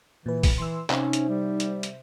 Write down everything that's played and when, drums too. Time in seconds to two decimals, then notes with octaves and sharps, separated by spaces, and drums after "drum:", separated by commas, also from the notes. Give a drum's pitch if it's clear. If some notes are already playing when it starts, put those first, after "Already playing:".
0.26 A#2 E3 B4
0.43 drum: kick, open hi-hat
0.58 E3 C6 E6
0.90 C3 C#4 D#4 C5 E5, drum: clap
1.13 drum: hi-hat
1.29 G3
1.60 drum: hi-hat
1.83 drum: hi-hat